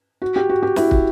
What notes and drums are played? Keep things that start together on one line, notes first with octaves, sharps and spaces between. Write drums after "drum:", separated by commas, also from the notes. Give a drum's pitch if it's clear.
F#4
G4
F#4
G4
E4 F#4, drum: snare
drum: kick